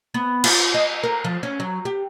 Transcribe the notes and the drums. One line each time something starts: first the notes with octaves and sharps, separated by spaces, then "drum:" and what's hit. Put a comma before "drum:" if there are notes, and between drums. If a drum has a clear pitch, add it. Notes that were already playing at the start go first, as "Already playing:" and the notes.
B3
F4, drum: cymbal
D#5
A#4
F3
C#4
F#3
G4